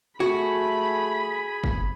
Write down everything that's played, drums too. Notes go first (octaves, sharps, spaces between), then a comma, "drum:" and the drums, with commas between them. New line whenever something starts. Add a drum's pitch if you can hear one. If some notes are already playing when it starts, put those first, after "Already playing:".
A3 F#4 G#4 G#5 B5
drum: kick